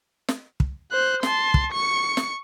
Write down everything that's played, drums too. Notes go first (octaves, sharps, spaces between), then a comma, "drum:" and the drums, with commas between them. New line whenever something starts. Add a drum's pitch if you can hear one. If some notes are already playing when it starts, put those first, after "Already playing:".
drum: snare
drum: kick
C5 F#6
A5 C6, drum: snare
drum: kick
C#6 C#7
drum: snare